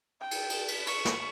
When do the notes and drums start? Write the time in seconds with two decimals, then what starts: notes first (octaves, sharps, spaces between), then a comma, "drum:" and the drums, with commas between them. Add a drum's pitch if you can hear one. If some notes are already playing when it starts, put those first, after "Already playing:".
0.21 G5
0.31 drum: cymbal
0.50 drum: cymbal
0.68 drum: cymbal
0.87 C#6, drum: cymbal
1.05 drum: snare